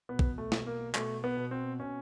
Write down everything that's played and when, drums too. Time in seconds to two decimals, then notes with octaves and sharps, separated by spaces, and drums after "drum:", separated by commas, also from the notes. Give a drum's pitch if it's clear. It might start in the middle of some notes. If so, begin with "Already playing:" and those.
0.09 B2 B3
0.19 drum: kick A#1
0.38 A3
0.52 B2, drum: snare
0.67 A#3
0.95 B2 A3, drum: clap
1.24 B3
1.37 B2
1.51 C4
1.80 B2 C#4